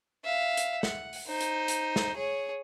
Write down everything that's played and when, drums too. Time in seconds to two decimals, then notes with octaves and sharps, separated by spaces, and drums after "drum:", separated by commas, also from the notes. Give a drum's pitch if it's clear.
0.25 E5 F5
0.57 drum: hi-hat
0.83 F#5, drum: snare
1.13 drum: open hi-hat
1.27 D#4 C5
1.41 drum: hi-hat
1.68 drum: hi-hat
1.96 drum: snare
2.16 G#4 C#5